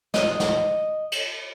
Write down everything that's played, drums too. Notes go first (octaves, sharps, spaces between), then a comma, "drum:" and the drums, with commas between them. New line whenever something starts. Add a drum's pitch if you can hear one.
D#5, drum: snare
drum: snare
drum: cymbal